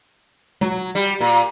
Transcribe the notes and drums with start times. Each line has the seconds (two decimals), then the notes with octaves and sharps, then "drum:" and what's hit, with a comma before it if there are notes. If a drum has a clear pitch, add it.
0.61 F#3, drum: tom G#3
0.95 G3
1.20 A#2